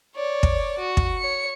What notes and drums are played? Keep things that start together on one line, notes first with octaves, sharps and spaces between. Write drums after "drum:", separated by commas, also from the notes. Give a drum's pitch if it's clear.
C#5 D5
drum: kick
F#4
drum: kick
C#5 C#7